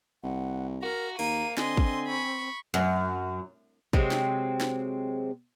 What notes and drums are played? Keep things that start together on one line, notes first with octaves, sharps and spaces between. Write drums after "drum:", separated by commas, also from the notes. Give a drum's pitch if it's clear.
C2 F#5
F#4 A#4 A#5
D#2 A#3 A#5 D#7, drum: open hi-hat
D3 C4 D#5 G#5 C6, drum: snare
drum: kick
B5 C#6
F#2
C3 F#3 G#3 C4, drum: kick
drum: snare
drum: snare